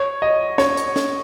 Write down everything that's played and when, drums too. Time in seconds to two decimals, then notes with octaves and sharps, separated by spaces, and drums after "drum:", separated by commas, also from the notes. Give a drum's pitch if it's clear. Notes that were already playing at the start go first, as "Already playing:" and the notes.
Already playing: C#5
0.22 D#5
0.58 C#5, drum: snare
0.77 drum: hi-hat
0.96 drum: snare